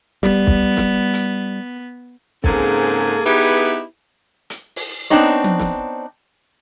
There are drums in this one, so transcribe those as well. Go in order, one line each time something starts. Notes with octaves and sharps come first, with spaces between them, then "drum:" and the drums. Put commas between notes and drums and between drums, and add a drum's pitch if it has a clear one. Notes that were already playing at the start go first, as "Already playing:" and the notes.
G3 B3, drum: snare
drum: kick
drum: snare
drum: hi-hat
G#2 C#3 A#3 C4 G#4 A4, drum: kick
B3 D#4 E4 G4 G#4 B4
drum: hi-hat
drum: open hi-hat
B3 C4 D4 D#4 C#5
drum: tom F3
drum: snare